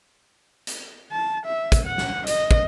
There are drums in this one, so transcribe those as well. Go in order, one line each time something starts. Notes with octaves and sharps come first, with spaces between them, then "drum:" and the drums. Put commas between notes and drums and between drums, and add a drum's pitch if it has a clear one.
drum: hi-hat
A5
E5
drum: kick, hi-hat
F#5
drum: snare
D#5, drum: hi-hat
drum: kick